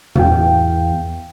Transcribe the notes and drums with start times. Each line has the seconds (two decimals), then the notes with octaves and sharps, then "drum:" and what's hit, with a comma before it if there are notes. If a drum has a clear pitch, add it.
0.15 E2 F5 G5, drum: tom